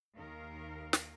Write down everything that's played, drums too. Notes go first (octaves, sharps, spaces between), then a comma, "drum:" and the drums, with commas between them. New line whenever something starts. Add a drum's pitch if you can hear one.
D#2 D#3 A#4 F5
drum: snare